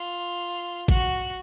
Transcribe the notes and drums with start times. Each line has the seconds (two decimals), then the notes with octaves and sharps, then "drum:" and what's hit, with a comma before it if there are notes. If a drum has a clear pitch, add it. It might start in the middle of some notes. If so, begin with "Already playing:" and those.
Already playing: F4
0.88 F#4, drum: kick